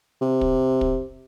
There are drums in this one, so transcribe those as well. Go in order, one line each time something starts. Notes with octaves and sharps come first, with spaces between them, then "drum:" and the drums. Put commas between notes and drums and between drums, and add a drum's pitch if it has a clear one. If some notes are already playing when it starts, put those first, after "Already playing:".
C3
drum: kick
drum: kick